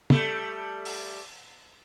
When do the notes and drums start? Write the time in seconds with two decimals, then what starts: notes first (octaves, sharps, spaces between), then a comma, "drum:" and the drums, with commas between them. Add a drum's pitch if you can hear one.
0.10 G3 A3, drum: tom
0.85 drum: open hi-hat